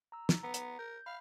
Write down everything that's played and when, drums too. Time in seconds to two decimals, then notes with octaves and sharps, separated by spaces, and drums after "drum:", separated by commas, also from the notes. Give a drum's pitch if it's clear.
0.12 A#5 E6
0.29 drum: snare
0.43 B3 A#5
0.54 drum: hi-hat
0.79 A#4 G6
1.06 F5 B5